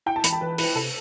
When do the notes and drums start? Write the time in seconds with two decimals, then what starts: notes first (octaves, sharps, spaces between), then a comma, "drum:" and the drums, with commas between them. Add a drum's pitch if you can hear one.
0.06 E4 G5
0.16 A5
0.24 E3 B5, drum: hi-hat
0.33 A5
0.41 E3 B4
0.58 E4 B4, drum: open hi-hat
0.75 C3 A4